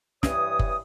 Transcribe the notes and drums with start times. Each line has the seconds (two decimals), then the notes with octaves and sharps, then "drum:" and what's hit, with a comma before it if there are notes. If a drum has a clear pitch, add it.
0.23 G2 E3 C#5 D#6, drum: snare
0.59 drum: kick F#1